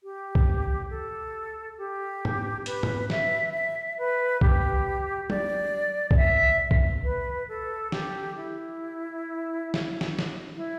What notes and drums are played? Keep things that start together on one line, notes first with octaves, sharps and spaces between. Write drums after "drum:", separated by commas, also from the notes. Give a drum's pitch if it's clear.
G4
drum: kick B1
A4
G4
drum: tom G#2
B4, drum: hi-hat
drum: tom G#2
E5, drum: snare
E5
B4
G4, drum: kick B1
D5, drum: tom F#3
D5, drum: kick B1
E5
drum: kick B1
B4
A4
G4, drum: snare
E4
drum: snare
drum: snare
drum: snare
E4